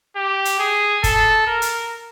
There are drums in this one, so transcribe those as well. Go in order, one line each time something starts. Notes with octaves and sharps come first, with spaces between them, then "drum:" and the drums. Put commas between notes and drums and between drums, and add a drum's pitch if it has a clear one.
G4
drum: hi-hat
G#4
A4, drum: kick F#1, hi-hat
A#4
drum: hi-hat